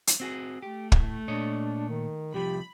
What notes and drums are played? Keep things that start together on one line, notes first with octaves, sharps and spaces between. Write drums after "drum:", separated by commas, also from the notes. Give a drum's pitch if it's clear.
drum: hi-hat
C4 F#4 G#4
A3 G4
A2, drum: kick
A#2 D4 C#5 D#5
D#3
C2 F3 G4 B5